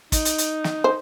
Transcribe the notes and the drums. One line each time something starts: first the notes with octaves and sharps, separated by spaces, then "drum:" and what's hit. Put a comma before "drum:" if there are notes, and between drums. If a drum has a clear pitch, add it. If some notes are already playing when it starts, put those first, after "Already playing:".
D#4, drum: kick, hi-hat
drum: hi-hat
drum: hi-hat
drum: snare
C5